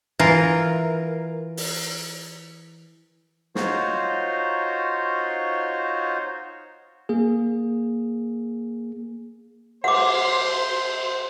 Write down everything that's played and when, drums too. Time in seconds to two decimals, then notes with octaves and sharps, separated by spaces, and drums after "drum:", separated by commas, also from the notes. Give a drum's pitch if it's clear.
0.19 E3 F4 A#4
1.57 drum: open hi-hat
3.55 D#4 F4 F#4 C5 C#5, drum: snare
7.09 A#3 G#4
9.84 C5 F#5 C6 D6, drum: cymbal